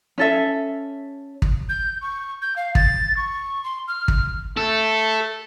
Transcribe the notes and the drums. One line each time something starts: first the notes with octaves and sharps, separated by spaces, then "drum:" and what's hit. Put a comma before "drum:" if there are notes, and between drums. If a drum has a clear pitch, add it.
C#4 A4 E5
drum: kick
G6
C#6
G6
F5
A6, drum: kick
C#6
C6
F6
drum: kick
A3 A4